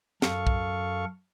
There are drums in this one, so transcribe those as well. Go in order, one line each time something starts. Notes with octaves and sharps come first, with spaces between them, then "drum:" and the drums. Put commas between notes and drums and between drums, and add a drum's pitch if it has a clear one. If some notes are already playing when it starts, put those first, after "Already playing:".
F#2 A4 F5 C#6, drum: snare
drum: kick